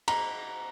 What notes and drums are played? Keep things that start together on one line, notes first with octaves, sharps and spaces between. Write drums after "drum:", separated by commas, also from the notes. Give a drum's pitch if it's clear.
A#5, drum: cymbal